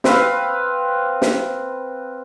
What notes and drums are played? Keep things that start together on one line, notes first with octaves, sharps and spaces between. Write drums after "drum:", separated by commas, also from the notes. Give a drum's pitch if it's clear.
C4 B4 F5, drum: snare
drum: snare